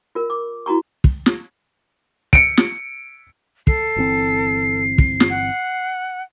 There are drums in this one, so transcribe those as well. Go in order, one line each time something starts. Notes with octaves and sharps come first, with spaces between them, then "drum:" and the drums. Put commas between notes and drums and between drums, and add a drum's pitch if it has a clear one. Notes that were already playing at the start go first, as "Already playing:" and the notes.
F4 A#4
D6
E4 F#4 A#5 C#6
drum: kick
drum: snare
C#7 D7, drum: kick
drum: snare
A4 C7, drum: kick
G1 E3 C4
drum: kick
drum: snare
F#5